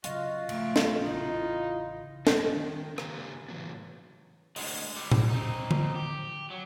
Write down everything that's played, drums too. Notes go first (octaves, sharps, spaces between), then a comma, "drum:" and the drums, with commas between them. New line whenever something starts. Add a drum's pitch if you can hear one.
C#3 F#3 F4 F#4 D#5, drum: hi-hat
A#2 F3 A3, drum: cymbal
drum: snare
A1 C#3 E3 D#4 E4
F#3 G3 C4 G4 C#5 D#5, drum: snare
D#3
C#3 A#3 G4 G#5 A#5, drum: rim click
A2 E3 F#3 B3
D2 G#3, drum: open hi-hat
D3 G3
drum: tom A2
C4 D#4
drum: tom D3
G4
F#3